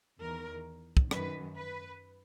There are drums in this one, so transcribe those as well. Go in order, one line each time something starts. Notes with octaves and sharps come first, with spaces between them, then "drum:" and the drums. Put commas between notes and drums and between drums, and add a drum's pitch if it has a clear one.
E2 D#3 A#4
drum: kick
F#2 D#3 B4, drum: rim click
B4